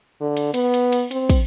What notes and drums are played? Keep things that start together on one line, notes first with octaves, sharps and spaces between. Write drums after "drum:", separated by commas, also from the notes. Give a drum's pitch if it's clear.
D3
drum: cymbal
B3, drum: cymbal
drum: cymbal
drum: cymbal
C4, drum: cymbal
drum: kick, cymbal